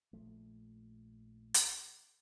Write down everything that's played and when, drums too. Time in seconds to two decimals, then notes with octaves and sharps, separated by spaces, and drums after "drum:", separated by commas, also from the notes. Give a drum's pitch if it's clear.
0.13 A#1 F3 A3
1.54 drum: hi-hat